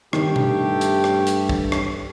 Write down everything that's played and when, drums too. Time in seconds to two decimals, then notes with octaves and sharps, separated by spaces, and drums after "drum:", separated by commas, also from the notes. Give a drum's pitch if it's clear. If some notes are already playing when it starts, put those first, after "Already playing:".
0.13 G2 D#3 A3 G4, drum: rim click
0.36 drum: tom B2
0.81 drum: hi-hat
1.04 drum: rim click
1.27 drum: hi-hat
1.49 drum: kick
1.72 drum: rim click